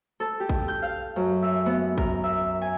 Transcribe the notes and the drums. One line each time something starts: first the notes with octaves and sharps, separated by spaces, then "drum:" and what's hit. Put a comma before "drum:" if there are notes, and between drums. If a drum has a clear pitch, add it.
A4
G4
drum: kick
G6
F5
F#2
E5
B3
A#4, drum: kick
E5
G#5